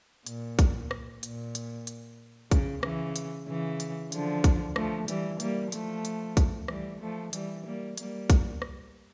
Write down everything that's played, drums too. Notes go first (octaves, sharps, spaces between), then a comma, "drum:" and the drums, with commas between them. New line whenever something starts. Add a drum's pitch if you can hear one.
A#2, drum: hi-hat
drum: kick A#1, hi-hat
drum: rim click
A#2, drum: hi-hat
drum: hi-hat
drum: hi-hat
C#3, drum: kick A#1, hi-hat
C#3 E3, drum: rim click
drum: hi-hat
C#3 E3
drum: hi-hat
D3 F3, drum: hi-hat
drum: kick A#1, hi-hat
F3 A3, drum: rim click
E3 G3, drum: hi-hat
G3 A#3, drum: hi-hat
F3 A3, drum: hi-hat
drum: hi-hat
drum: kick A#1, hi-hat
E3 G3, drum: rim click
F3 A3
E3 G3, drum: hi-hat
G3 A#3
G3 A#3, drum: hi-hat
drum: kick A#1, hi-hat
drum: rim click